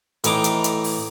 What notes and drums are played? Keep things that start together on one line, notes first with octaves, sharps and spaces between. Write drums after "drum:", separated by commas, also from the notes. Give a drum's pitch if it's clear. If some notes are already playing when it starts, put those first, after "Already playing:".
A2 E3 D#4 A#5 D6, drum: hi-hat
drum: hi-hat
drum: hi-hat
drum: open hi-hat